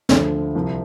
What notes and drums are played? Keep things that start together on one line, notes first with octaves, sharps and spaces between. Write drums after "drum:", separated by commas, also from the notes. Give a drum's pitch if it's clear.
D2 D3 F3, drum: snare
C2 C3 F3